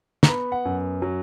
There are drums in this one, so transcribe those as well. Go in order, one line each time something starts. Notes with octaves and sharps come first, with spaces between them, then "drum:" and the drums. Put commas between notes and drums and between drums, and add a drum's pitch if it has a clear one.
A#5, drum: snare
B3 B5
F#5
F#2
F#3